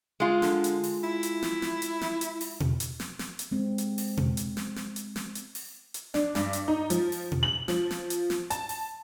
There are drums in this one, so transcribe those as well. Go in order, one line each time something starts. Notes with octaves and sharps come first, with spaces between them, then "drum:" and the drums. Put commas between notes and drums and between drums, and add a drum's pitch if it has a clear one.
G#3 F4
D3, drum: snare
drum: hi-hat
drum: open hi-hat
E4
drum: hi-hat
drum: snare
drum: snare
drum: hi-hat
drum: snare
drum: hi-hat
drum: open hi-hat
drum: tom B2
drum: hi-hat
drum: snare
drum: snare
drum: hi-hat
G#3 C4
drum: hi-hat
drum: open hi-hat
drum: tom B2
drum: hi-hat
drum: snare
drum: snare
drum: hi-hat
drum: snare
drum: hi-hat
drum: open hi-hat
drum: hi-hat
D4, drum: snare
G2, drum: snare
drum: hi-hat
D#4
F3, drum: hi-hat
drum: open hi-hat
drum: tom B2
F#7
F3, drum: snare
drum: snare
drum: hi-hat
drum: snare
A5, drum: hi-hat
drum: open hi-hat